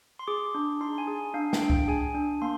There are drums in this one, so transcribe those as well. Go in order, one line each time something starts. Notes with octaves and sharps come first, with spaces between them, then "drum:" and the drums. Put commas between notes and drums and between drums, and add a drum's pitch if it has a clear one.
C6
G#4 D6
D4
D#4 C6
G#5
G#4
D4 F5
G5, drum: snare
D4
G5, drum: kick C2
G#4 G#5
D4
A#3 C6